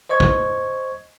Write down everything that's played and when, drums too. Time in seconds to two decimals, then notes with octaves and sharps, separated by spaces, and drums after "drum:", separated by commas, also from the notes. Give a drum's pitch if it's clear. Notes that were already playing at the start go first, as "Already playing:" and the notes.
0.09 C5 D#5 C#6 G#6
0.20 drum: kick